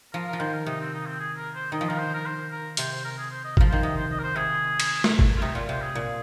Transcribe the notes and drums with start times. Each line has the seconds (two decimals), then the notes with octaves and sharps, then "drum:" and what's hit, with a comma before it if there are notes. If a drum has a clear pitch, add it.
0.13 F3 A#4
0.27 A#4
0.33 F3
0.40 D#3 C5
0.53 A#4
0.66 C3 D#4
0.80 C4
0.94 D#4
1.06 C4
1.19 G#4
1.37 A#4
1.55 C5
1.72 D#3 D#5
1.81 F3
1.88 D#3 A#4
1.98 C5
2.14 A#4
2.26 C5
2.51 A#4
2.77 C3 C5, drum: hi-hat
2.92 C5
3.04 A#4
3.18 G#4
3.30 C5
3.44 D#5
3.57 F3 A#4, drum: kick G1
3.70 D#3 C5
3.83 C3 D#5
3.96 C5
4.11 D#5
4.19 A#4
4.23 C5
4.36 C3 G#4
4.80 drum: cymbal
5.04 drum: snare
5.19 drum: kick G1
5.37 F4
5.42 C3 D#4
5.55 A#2 F4
5.69 C3 C5
5.81 G#4
5.95 A#2